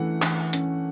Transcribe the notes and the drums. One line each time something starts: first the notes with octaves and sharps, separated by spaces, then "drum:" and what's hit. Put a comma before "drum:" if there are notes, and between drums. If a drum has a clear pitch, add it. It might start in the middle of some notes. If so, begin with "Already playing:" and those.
Already playing: E3 A3 C#4 F#5
E3, drum: clap
C#4, drum: hi-hat